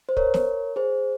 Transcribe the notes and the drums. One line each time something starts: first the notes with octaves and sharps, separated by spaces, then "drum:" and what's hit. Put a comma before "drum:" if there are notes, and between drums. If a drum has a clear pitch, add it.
C5
A#4 C#5, drum: kick
drum: snare
G#4 C5